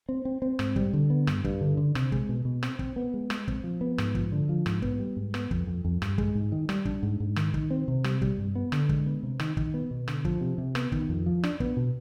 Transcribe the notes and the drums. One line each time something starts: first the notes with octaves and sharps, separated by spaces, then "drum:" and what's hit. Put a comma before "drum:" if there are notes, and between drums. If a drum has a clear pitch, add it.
C4
C4
C4
G#2, drum: rim click
G3, drum: kick
D3
B3
G2, drum: rim click
G2, drum: kick
D3
D3
C3, drum: rim click
G#3, drum: kick
B2
B2
C4, drum: rim click
C4, drum: kick
B3
G#3
G#3, drum: rim click
C4, drum: kick
F3
B3
G#2, drum: rim click
F3, drum: kick
D3
F3
G#2, drum: rim click
B3, drum: kick
G3
G#2
B3, drum: rim click
F2, drum: kick
F2
F2
G2, drum: rim click
G#3, drum: kick
G#2
D#3
G3, drum: rim click
D4, drum: kick
G#2
G#2
D#3, drum: rim click
D#3, drum: kick
C4
C3
G3, drum: rim click
G3, drum: kick
G2
B3
D3, drum: rim click
G#3, drum: kick
B3
C3
D#3, drum: rim click
D#3, drum: kick
B3
B2
D3, drum: rim click
F3, drum: kick
C3
C3
B3, drum: rim click
D#3, drum: kick
F2
F3
D4, drum: rim click
B3, drum: kick
B2